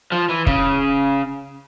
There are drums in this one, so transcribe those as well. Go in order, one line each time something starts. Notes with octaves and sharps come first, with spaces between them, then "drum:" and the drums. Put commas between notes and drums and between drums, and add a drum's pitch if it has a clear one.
F3
E3
C#3, drum: kick